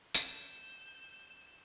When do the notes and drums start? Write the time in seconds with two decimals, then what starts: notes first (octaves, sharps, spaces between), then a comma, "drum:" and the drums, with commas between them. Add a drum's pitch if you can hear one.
0.15 G6 E7, drum: tambourine